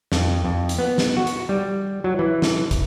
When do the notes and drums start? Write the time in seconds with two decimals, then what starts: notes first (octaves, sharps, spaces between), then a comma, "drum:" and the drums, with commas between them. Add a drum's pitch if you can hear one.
0.12 F2, drum: snare
0.45 F2
0.69 drum: hi-hat
0.78 B3
0.98 drum: snare
1.17 F#4
1.27 drum: hi-hat
1.49 G3
2.04 F#3
2.19 E3
2.42 drum: snare
2.71 drum: kick, hi-hat